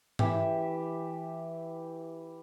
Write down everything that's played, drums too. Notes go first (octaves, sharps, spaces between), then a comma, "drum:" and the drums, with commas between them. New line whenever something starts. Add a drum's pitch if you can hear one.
E3 G4 E5, drum: tom G#2